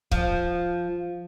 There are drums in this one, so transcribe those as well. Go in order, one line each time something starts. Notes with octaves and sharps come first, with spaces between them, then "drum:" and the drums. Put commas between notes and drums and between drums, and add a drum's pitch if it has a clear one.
F3, drum: kick C#1